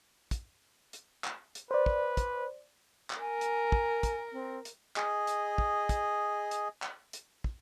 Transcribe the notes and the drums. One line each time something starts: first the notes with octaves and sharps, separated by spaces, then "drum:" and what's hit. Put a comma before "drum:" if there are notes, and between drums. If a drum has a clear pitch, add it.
drum: kick, hi-hat
drum: hi-hat
drum: clap
drum: hi-hat
B4 C5 D5
drum: kick
drum: kick, hi-hat
drum: clap
A#4 G#5
drum: hi-hat
drum: kick
drum: kick, hi-hat
C4
drum: hi-hat
G#4 D#5, drum: clap
drum: hi-hat
drum: kick
drum: kick, hi-hat
drum: hi-hat
drum: clap
drum: hi-hat
drum: kick